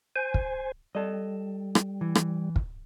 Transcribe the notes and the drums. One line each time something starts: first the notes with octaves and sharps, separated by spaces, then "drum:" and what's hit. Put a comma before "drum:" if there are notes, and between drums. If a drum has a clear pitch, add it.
C5 G#5
drum: kick
G3 A4 D#5
drum: rim click
E3
drum: rim click
drum: kick